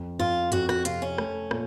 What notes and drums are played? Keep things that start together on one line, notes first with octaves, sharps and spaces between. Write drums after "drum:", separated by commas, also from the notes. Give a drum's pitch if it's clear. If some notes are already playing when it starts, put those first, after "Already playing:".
Already playing: F2
F2 F4
F2 F#4, drum: hi-hat
F#4, drum: rim click
C3 F4, drum: hi-hat
C#4
A3, drum: rim click
A#2, drum: rim click